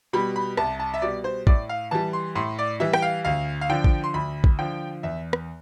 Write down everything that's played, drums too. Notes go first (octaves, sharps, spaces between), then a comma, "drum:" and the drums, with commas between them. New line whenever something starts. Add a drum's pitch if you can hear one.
B2 G3 B5
B5
C2 A5, drum: rim click
A5
E5
B2 G3 D5
C5
A2 D5, drum: kick A1
F5
E3 G3 A5
C6
A2 C6
D5
E3 G3 E5
G5, drum: rim click
F5
D2 F5
F5
D3 F3 G5
drum: kick A1
C6
D2 B5
drum: kick A1
D3 F3 G5
E2 E5
drum: rim click